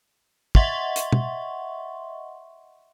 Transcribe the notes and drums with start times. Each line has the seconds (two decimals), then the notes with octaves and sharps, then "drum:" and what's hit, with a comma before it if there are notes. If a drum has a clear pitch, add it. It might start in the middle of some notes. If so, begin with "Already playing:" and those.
0.55 D#5 E5 F#5 C6 C#6, drum: kick
0.96 drum: hi-hat
1.12 drum: tom